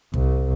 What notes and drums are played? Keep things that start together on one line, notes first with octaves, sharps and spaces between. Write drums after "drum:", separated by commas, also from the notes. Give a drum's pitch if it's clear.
C2, drum: kick